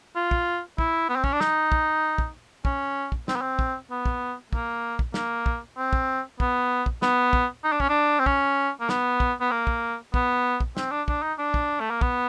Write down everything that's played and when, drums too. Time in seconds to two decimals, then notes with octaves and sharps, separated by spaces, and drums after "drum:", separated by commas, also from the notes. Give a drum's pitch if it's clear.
0.16 F4
0.31 drum: kick
0.78 E4, drum: kick
1.09 B3
1.16 C4
1.24 C#4, drum: kick
1.33 D4
1.41 D#4, drum: snare
1.72 drum: kick
2.18 drum: kick
2.65 C#4, drum: kick
3.12 drum: kick
3.28 C4, drum: snare
3.35 B3
3.41 C4
3.59 drum: kick
3.90 B3
4.06 drum: kick
4.53 A#3, drum: kick
4.99 drum: kick
5.14 A#3, drum: snare
5.46 drum: kick
5.77 C4
5.93 drum: kick
6.40 B3, drum: kick
6.86 drum: kick
7.02 B3, drum: snare
7.33 drum: kick
7.64 D#4
7.72 D4
7.80 C#4, drum: kick
7.89 D4
8.19 C4
8.26 C#4, drum: kick
8.80 A#3
8.89 B3, drum: snare
9.20 drum: kick
9.40 B3
9.51 A#3
9.67 drum: kick
10.14 B3, drum: kick
10.60 drum: kick
10.77 C4, drum: snare
10.91 D4
11.08 D4, drum: kick
11.22 D#4
11.38 D4
11.54 drum: kick
11.80 A3
11.90 A#3
12.01 B3, drum: kick